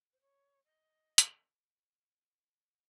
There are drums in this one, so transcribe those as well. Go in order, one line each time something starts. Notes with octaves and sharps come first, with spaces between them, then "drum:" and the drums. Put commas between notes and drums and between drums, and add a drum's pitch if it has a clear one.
C5
C#5
D#5
drum: hi-hat